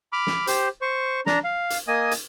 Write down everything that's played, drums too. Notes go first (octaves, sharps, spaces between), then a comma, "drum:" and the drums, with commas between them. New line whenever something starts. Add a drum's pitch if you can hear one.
B5 D6 F6
drum: snare
G4 C5, drum: hi-hat
C5 C#6
D4 A#5, drum: snare
F5
drum: hi-hat
A#3 D#5 G#5 D#6
drum: hi-hat